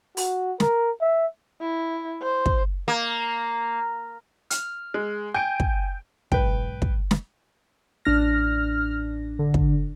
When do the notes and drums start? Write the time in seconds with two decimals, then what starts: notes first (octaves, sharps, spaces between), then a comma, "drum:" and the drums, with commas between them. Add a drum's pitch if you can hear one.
0.17 F#4, drum: open hi-hat
0.60 A#4, drum: snare
1.01 E5
1.61 E4
2.22 C5
2.46 drum: kick
2.88 A#3
4.50 F6, drum: hi-hat
4.94 G#3
5.34 G5 G#5 G6 D7
5.60 drum: kick
6.32 B1 G#2 B4 G5, drum: kick
6.82 drum: kick
7.11 drum: snare
8.05 A1 D4 F6 A#6
9.39 D3
9.54 drum: kick